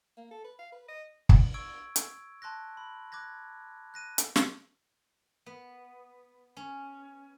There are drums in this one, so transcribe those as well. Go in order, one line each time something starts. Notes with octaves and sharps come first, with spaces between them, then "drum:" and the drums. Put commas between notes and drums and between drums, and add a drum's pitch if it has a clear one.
A#3
A4
B4
F5
B4
D#5
drum: kick
C#6 E6 G#6 D7
drum: hi-hat
A5 C6 F#6 A#6
B5
D6 F#6 G#6 A#6
F#6 A#6 D#7
drum: hi-hat
drum: snare
B3
C#4